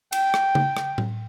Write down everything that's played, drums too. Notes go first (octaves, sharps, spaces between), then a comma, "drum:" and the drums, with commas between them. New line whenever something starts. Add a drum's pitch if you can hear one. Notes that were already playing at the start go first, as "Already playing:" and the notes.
G5, drum: cymbal
drum: rim click
drum: tom C#3
drum: rim click
drum: tom A2